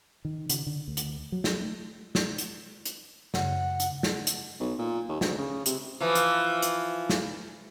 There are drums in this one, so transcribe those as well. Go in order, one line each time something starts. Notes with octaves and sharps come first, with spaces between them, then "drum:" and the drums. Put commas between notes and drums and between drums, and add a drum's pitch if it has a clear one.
D#3
C#3, drum: hi-hat
D3
D2
drum: hi-hat
F#3
drum: snare
A3
drum: snare
drum: hi-hat
drum: hi-hat
F#2 C#3 F#5, drum: snare
drum: hi-hat
drum: snare
drum: hi-hat
B1
A#2
D#2
D2, drum: snare
C#3
C3, drum: hi-hat
E3 F3
drum: hi-hat
drum: hi-hat
drum: snare